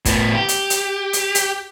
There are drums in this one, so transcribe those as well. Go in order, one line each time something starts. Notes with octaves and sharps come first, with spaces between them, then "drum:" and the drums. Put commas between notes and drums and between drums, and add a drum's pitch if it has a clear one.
A2 B3, drum: kick, hi-hat
G4
drum: hi-hat
drum: hi-hat
drum: hi-hat
drum: hi-hat